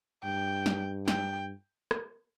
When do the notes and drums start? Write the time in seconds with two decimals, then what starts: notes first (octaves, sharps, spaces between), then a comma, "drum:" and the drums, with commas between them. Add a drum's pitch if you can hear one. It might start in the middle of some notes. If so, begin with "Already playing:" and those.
0.23 G2 G5
0.66 drum: snare
1.08 G5, drum: snare
1.91 drum: rim click